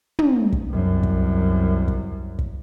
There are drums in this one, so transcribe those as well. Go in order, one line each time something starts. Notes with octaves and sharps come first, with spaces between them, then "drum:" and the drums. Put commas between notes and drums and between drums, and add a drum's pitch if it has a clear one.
drum: tom
drum: kick
C2 F#2
drum: kick
drum: kick
drum: kick